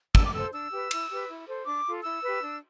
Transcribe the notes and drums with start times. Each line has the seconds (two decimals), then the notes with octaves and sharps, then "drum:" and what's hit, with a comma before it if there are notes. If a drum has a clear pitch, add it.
0.15 D4 E6, drum: kick
0.25 D6
0.33 A4 C5 E6
0.52 D4 E6
0.72 G4 B4
0.91 E4, drum: cymbal
1.09 G4 B4
1.28 E4
1.47 A4 C5
1.65 D4 D6
1.85 F4 A4
2.04 E4 E6
2.23 G4 B4
2.41 D4